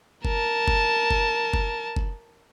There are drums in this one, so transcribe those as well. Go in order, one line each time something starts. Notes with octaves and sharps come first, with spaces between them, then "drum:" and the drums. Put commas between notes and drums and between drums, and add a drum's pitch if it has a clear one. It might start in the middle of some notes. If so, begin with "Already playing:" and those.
A#4 A5, drum: kick F#1
drum: kick F#1
drum: kick F#1
drum: kick F#1
drum: kick F#1